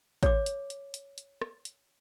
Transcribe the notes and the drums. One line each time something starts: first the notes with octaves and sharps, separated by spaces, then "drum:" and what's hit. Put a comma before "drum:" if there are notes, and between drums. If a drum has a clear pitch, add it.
C#5 D6, drum: kick A1, hi-hat
drum: hi-hat
drum: hi-hat
drum: hi-hat
drum: hi-hat
drum: rim click
drum: hi-hat